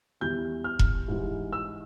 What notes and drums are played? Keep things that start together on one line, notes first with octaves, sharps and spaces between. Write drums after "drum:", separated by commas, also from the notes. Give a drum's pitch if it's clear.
E2 E3 G3 G6
F6
drum: kick E1
G#2 E3 G3
E6